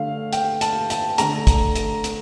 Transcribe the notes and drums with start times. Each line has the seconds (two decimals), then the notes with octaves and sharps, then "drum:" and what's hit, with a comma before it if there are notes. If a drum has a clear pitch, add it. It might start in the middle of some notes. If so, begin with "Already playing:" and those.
Already playing: D3 A3 F5
0.33 G5, drum: hi-hat
0.61 A5, drum: hi-hat
0.90 A5, drum: hi-hat
1.18 D3 A3 A#5, drum: hi-hat
1.47 drum: kick, hi-hat
1.76 drum: hi-hat
2.04 drum: hi-hat